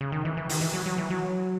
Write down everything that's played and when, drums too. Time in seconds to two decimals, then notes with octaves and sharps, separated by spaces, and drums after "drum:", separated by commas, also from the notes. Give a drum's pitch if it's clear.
0.01 C#3
0.12 D#3
0.25 E3
0.37 E3
0.49 D#3, drum: open hi-hat
0.61 E3
0.73 F#3
0.86 F#3
0.98 E3
1.10 F#3